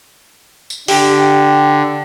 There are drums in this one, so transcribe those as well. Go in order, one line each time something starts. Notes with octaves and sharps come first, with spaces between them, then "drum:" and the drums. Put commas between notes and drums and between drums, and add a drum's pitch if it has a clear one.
drum: tambourine
D3 G4, drum: open hi-hat